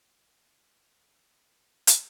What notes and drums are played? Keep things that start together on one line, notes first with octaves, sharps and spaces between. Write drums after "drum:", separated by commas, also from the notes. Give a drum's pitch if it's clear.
C#5
drum: hi-hat